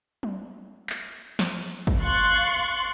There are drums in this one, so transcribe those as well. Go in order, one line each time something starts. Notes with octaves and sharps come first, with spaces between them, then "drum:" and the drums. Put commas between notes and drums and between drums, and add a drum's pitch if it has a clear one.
drum: tom F#3
drum: clap
drum: snare
drum: kick
F5 C6 C#6 F#6 A6